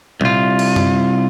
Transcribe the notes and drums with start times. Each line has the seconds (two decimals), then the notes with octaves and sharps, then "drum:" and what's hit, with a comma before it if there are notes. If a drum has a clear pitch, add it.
0.21 C2 F4, drum: tom A#2
0.59 drum: cymbal
0.76 drum: tom F#2